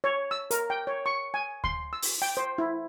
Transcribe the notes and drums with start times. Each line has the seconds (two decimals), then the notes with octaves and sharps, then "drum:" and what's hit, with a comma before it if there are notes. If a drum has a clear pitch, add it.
0.04 C#5
0.31 E6
0.51 A#4, drum: hi-hat
0.70 G5
0.87 C#5
1.06 C#6
1.34 G#5
1.64 C6, drum: kick D2
1.93 E6
2.02 drum: open hi-hat
2.22 G5
2.37 C5
2.58 E4